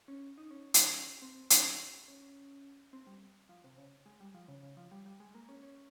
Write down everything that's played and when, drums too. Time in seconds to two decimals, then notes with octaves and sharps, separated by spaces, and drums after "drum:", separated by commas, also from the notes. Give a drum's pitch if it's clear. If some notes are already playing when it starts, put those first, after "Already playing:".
0.08 C#4
0.38 D#4
0.51 C#4
0.74 drum: hi-hat
1.22 C4
1.50 C#4, drum: hi-hat
2.08 C#4
2.93 C4
3.07 G3
3.49 F3
3.64 C3
3.78 C#3
4.06 G#3
4.20 G3
4.34 F3
4.48 C#3
4.63 C#3
4.77 F3
4.91 G3
5.06 G3
5.20 G#3
5.35 A#3
5.49 C#4
5.63 C#4